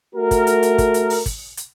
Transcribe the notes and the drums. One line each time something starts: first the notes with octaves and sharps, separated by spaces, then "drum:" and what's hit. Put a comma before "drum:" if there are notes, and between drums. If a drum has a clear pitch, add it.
A3 F#4 A#4
drum: kick, hi-hat
drum: hi-hat
drum: hi-hat
drum: kick, hi-hat
drum: hi-hat
drum: open hi-hat
drum: kick, hi-hat
drum: hi-hat